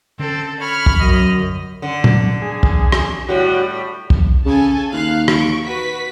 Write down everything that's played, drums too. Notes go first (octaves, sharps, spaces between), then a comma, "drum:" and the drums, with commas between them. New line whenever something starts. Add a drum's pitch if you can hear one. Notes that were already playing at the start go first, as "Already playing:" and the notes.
D3 C4 C#4 A4
C#5 B5 F6
drum: kick
F#2 D#5
D3
drum: tom A#2
G#4
drum: kick
drum: rim click
A2 G3 F#4
drum: kick
C#3 A4 G#5 A5
D#2 F5 F#6
C#6 D7, drum: rim click
F#4 B4 B6